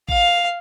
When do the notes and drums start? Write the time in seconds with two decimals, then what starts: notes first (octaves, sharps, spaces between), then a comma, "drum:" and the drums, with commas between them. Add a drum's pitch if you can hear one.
0.09 F5, drum: kick A1